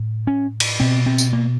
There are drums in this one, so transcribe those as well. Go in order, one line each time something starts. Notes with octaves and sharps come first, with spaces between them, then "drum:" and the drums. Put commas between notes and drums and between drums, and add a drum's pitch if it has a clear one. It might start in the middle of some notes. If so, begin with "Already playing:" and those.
Already playing: A2
C#4
drum: cymbal
B2 C4
C4
drum: tambourine
A#3